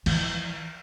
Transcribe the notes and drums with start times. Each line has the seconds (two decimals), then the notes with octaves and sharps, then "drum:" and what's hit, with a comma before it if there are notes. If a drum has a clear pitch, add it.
0.06 E3 F3, drum: cymbal